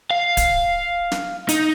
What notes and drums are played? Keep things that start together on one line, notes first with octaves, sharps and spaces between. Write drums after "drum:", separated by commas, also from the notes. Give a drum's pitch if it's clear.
F5
drum: kick D1, hi-hat
drum: snare
D#4, drum: hi-hat